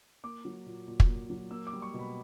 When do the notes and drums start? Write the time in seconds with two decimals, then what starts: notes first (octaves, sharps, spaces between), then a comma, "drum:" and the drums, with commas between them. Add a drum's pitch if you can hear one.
0.24 A#3 D6
0.45 F#3
0.66 A#2
0.88 A#2
1.00 drum: kick
1.09 A#3
1.30 F#3
1.51 A#3 E6
1.67 D6
1.73 G3
1.82 C#6
1.94 B2
1.99 B5